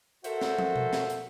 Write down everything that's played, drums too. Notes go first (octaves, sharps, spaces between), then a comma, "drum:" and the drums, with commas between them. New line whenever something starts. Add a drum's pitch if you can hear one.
F#4 A4 A#4 C5 E5 F#5, drum: hi-hat
drum: snare
drum: tom
drum: tom B2
drum: snare
drum: hi-hat